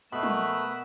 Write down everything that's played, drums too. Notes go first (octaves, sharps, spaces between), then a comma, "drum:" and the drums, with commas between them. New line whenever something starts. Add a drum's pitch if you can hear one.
B2 A3 A#4 B4 E5 B5
drum: tom